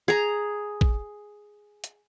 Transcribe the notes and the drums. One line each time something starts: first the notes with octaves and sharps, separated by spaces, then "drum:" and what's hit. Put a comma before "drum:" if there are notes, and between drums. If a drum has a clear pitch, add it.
G#4 A#5
drum: kick A1
drum: hi-hat